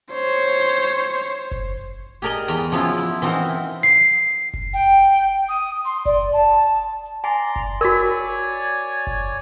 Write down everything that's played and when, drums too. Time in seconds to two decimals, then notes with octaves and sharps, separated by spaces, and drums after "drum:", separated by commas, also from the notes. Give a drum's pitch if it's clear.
0.13 C5 C#5
0.26 drum: hi-hat
1.01 drum: hi-hat
1.26 drum: hi-hat
1.52 drum: kick F#1, hi-hat
1.77 drum: hi-hat
2.22 G4 G#4 A#4 D5 D#5
2.48 E2 G5 G#5 A#5 B5
2.72 F3 F#3 B3 C#4 E4 F4
2.98 E4
3.22 E3 C4 D#4 F#4 A#4 C5
3.83 C7
4.03 drum: hi-hat
4.28 drum: hi-hat
4.54 drum: kick F#1, hi-hat
4.74 G5
5.49 D#6
5.85 C6
6.06 D5, drum: kick F#1, hi-hat
6.33 A5
7.05 drum: hi-hat
7.24 D5 G#5 A#5 C6
7.56 drum: kick F#1, hi-hat
7.81 F#4 A#4 C#5 D5 G#5, drum: hi-hat
8.57 drum: hi-hat
8.82 drum: hi-hat
9.07 drum: kick F#1, hi-hat